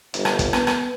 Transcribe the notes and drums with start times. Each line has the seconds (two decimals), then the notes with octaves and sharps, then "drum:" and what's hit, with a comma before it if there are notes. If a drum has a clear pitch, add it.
0.14 G1, drum: hi-hat
0.25 drum: rim click
0.39 drum: kick, hi-hat
0.53 B3, drum: rim click
0.67 drum: rim click